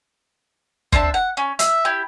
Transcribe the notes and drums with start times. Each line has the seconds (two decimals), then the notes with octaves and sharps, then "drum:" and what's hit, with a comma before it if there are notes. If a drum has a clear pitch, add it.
0.92 C4 D4 E5 A5, drum: kick
1.14 F#5
1.37 C#4
1.59 E5, drum: hi-hat
1.85 E4 G4